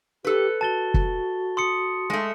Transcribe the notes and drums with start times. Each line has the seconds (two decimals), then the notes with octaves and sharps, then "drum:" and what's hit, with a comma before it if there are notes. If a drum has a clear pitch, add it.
0.25 G4 A4 B4
0.61 F#4 A5 A6 G7
0.94 drum: kick
1.57 C6 D#6 C#7
2.10 G#3 A3